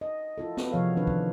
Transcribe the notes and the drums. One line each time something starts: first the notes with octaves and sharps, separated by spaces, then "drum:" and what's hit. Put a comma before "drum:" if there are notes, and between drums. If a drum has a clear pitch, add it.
D#5
E4 F4 A4
B3 F#4 A4 B4, drum: snare
C3 E3 F3 G#4 C#5 F5
D#3 E3 D4 B4
drum: kick